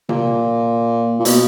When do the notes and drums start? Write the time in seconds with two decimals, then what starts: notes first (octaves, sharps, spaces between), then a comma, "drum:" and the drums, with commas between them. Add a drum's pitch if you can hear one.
0.09 A#2, drum: tom C3
1.19 A#2
1.25 B2, drum: hi-hat